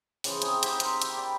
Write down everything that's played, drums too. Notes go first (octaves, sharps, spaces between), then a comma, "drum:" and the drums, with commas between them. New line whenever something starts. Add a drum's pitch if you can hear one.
C#3 E3 F3, drum: open hi-hat
C4 D#4 G#4, drum: hi-hat
C4 D#4 E4 G4, drum: hi-hat
A#4 C6, drum: hi-hat
G5 D6, drum: hi-hat
G4 D5 B5